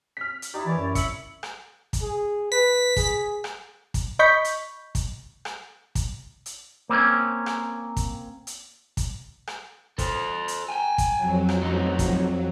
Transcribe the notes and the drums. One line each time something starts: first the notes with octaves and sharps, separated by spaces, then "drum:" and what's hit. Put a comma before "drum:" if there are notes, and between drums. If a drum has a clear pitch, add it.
F6 B6
drum: hi-hat
D#4 E4 G4 D5
E3 A#4 C#5 D5
F#2
E5 C#7 F#7, drum: kick, hi-hat
drum: rim click
drum: kick, hi-hat
G#4
B4 B6
G#4, drum: kick, hi-hat
drum: rim click
drum: kick, hi-hat
D#5 B5 C#6 G6 B6
drum: hi-hat
drum: kick, hi-hat
drum: rim click
drum: kick, hi-hat
drum: hi-hat
A#3 C4 C#4
drum: rim click
drum: kick, hi-hat
drum: hi-hat
drum: kick, hi-hat
drum: rim click
A4 C5, drum: kick, hi-hat
drum: hi-hat
G5 G#5
drum: kick, hi-hat
F2 F#3
drum: rim click
F#2 D#4
drum: kick, hi-hat